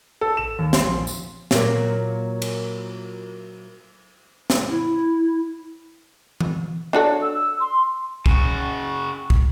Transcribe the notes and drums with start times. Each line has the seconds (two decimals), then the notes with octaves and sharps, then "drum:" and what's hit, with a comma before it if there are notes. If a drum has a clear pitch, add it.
0.21 A4
0.37 E7
0.59 D#2
0.73 C6, drum: snare
0.87 A#1
1.07 drum: tambourine
1.51 A#2 F#3 A#3, drum: snare
2.42 drum: cymbal
4.50 drum: snare
4.69 E4
6.41 drum: tom E3
6.93 D4 F#4 A4 C#5
7.21 E6
7.60 C6
8.26 C#3 F#4, drum: kick
9.30 drum: kick